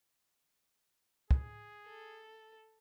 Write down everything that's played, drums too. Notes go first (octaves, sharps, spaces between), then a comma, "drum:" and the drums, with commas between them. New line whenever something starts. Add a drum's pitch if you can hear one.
G#4, drum: kick
A4